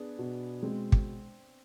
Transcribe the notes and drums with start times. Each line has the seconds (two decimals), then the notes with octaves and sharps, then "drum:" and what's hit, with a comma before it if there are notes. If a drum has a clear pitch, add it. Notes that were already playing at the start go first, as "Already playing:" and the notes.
Already playing: B3 D4 G#4
0.18 B2
0.63 G#3 C4
0.92 drum: kick